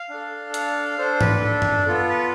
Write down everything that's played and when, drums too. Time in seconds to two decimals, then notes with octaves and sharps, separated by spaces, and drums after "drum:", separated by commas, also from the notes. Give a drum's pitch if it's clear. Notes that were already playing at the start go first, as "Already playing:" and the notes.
Already playing: F5
0.10 D4 A4
0.54 F5, drum: hi-hat
0.98 D4 A4 C5
1.21 B4, drum: tom G#2
1.43 A4
1.62 drum: tom F#2
1.87 B3 F4 A4
2.10 B4